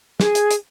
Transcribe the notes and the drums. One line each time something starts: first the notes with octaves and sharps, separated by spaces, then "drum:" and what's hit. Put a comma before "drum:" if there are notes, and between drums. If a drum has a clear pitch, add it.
G#4, drum: snare
drum: hi-hat
drum: hi-hat